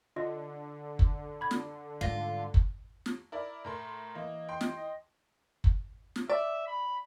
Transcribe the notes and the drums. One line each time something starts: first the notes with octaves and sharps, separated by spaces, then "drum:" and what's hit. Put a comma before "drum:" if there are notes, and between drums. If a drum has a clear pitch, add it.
D3 F4 D#5
drum: kick
B5 G#6
drum: snare
G#2 G3 F4 F5 A#6
drum: kick
drum: snare
E4 A#4 D5
A2 A#4 A#5 C6
E3 A#3 D#5
G5 C6
drum: snare
D#5
drum: kick
drum: snare
D5 E5
B5